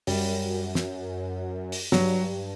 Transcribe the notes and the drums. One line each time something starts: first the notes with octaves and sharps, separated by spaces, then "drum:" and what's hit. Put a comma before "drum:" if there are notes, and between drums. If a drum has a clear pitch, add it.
F#2 G3, drum: open hi-hat
drum: snare
drum: open hi-hat
G2 F#3, drum: snare